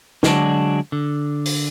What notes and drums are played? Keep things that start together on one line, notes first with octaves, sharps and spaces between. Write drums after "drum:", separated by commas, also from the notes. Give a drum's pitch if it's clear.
D3 F#3 G#3 C4 D4 F#4, drum: snare
D3
drum: open hi-hat